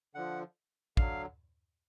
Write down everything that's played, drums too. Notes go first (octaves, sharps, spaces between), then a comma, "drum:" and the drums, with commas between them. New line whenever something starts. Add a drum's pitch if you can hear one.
D3 F3 F#5
D3 F#3 F5, drum: kick